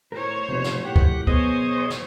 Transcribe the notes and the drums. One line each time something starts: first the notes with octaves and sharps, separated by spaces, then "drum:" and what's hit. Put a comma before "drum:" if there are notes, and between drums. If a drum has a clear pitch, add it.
A2 A#4 C5 C#5
F1 B1 C3 A#3
drum: snare
A2 G4 F#5
drum: kick
B3 G#4 C5 C#5 D#5, drum: kick
drum: snare